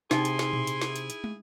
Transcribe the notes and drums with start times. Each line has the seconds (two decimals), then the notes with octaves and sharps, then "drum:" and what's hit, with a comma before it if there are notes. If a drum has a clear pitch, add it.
0.11 C3 D#4 E4 G#4 G5 C6, drum: snare
0.25 drum: hi-hat
0.39 drum: snare
0.53 drum: tom A#2
0.67 drum: hi-hat
0.81 drum: snare
0.96 drum: hi-hat
1.10 drum: hi-hat
1.24 drum: tom